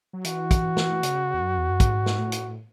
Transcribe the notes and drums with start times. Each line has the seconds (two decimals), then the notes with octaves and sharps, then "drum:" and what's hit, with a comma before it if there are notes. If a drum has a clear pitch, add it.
0.13 F#3
0.25 E3 F#4, drum: hi-hat
0.51 drum: kick, hi-hat
0.77 drum: snare
1.03 C#3, drum: hi-hat
1.34 E2
1.41 F#2
1.58 E2
1.70 F#2
1.80 G#2, drum: kick, hi-hat
2.06 drum: snare
2.18 A2
2.32 drum: hi-hat